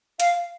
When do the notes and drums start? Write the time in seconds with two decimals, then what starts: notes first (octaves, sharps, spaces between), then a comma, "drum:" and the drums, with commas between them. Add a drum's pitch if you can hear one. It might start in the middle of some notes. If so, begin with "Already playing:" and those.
0.20 F5, drum: hi-hat